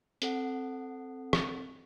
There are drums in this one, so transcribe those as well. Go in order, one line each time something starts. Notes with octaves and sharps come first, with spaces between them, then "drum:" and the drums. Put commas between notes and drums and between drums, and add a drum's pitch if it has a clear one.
C4 A4 F#5, drum: hi-hat
drum: rim click